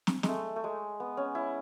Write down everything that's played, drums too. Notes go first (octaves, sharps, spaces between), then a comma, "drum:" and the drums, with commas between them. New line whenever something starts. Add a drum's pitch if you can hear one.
drum: snare
G#3, drum: snare
A3
A3
G#3
B3
C#4
E4